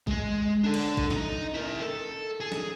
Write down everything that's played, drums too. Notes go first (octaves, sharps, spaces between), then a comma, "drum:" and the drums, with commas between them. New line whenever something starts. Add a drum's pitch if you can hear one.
G#3 C6, drum: kick
D4 A4
drum: cymbal
drum: kick
D#4 D#5, drum: snare
E4 A#4
A4
G#4
drum: snare